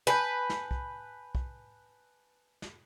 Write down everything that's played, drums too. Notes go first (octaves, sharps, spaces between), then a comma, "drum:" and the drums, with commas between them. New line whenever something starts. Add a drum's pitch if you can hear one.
B4 G#5 A5 G6
drum: snare
drum: kick
drum: kick
drum: snare